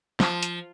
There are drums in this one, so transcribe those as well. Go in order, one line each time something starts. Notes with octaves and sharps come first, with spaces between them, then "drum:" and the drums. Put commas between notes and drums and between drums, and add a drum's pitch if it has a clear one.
F3, drum: snare
drum: hi-hat